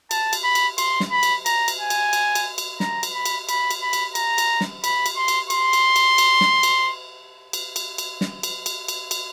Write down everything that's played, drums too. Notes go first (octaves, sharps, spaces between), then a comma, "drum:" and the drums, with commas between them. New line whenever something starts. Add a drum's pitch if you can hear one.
A5, drum: cymbal
drum: cymbal
B5
drum: cymbal
C6, drum: cymbal
drum: snare
B5
drum: cymbal
A#5, drum: cymbal
drum: cymbal
G#5
drum: cymbal
drum: cymbal
drum: cymbal
drum: cymbal
A#5, drum: snare
drum: cymbal
B5
drum: cymbal
B5, drum: cymbal
drum: cymbal
B5
drum: cymbal
A#5, drum: cymbal
drum: cymbal
drum: snare
B5, drum: cymbal
drum: cymbal
C6
drum: cymbal
C6, drum: cymbal
drum: cymbal
drum: cymbal
drum: cymbal
drum: snare
drum: cymbal
drum: cymbal
drum: cymbal
drum: cymbal
drum: snare
drum: cymbal
drum: cymbal
drum: cymbal
drum: cymbal